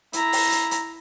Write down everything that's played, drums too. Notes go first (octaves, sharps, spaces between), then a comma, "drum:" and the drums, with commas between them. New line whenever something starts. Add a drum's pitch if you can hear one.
E4 A#5, drum: hi-hat
drum: open hi-hat
drum: hi-hat
drum: hi-hat